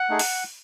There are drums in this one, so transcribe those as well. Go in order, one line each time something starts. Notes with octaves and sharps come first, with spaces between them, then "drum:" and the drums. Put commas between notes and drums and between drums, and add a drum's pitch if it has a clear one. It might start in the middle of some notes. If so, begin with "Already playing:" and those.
Already playing: F#5
A3 D#4 G#4
drum: open hi-hat